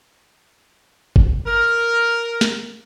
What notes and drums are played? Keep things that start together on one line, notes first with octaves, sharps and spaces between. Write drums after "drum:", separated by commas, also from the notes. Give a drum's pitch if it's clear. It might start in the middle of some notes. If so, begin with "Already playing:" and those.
drum: kick G1
A#4
drum: snare